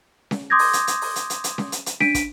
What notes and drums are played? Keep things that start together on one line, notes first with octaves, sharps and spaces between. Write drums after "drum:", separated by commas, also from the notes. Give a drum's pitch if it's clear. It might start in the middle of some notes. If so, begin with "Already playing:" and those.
drum: snare C#4
C6 D6 D#6 G6 G#6 A#6
drum: open hi-hat
drum: hi-hat
drum: hi-hat
drum: open hi-hat
drum: hi-hat
drum: hi-hat
drum: hi-hat
drum: snare C#4
drum: hi-hat
drum: hi-hat
D4 B6 D7 D#7, drum: snare C#4
drum: kick, hi-hat